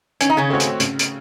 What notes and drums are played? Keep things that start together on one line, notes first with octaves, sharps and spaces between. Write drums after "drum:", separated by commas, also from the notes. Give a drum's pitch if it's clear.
D#3 C#4, drum: hi-hat
D#4
C#3 C#4
A3 C4 F#4 C#5
drum: hi-hat
C#3, drum: hi-hat
drum: hi-hat